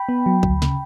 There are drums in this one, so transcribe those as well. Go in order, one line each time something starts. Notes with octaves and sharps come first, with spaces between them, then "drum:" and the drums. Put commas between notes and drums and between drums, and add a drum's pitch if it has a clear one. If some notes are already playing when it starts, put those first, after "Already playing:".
Already playing: G5 B5
B3
F#3
D2, drum: kick A1
C#3, drum: snare